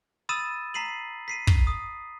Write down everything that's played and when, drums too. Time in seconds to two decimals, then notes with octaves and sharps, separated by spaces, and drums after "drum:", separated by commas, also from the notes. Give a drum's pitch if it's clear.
0.29 B5 D#6 E6 A6 D#7 E7
0.74 A#5 B6 C7 D#7 F#7
1.28 B6 C7 D#7
1.47 drum: kick
1.67 D#6